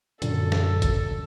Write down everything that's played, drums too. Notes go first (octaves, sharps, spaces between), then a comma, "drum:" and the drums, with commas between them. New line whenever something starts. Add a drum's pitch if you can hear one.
F#2 A#2 D3 A4, drum: hi-hat
drum: snare
drum: kick, hi-hat